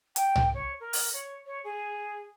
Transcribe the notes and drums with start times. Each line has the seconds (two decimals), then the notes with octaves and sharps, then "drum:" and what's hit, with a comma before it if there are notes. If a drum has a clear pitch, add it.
0.16 G5, drum: hi-hat
0.36 drum: tom C2
0.54 C#5
0.80 A#4
0.93 drum: open hi-hat
1.13 C#5
1.46 C#5
1.64 G#4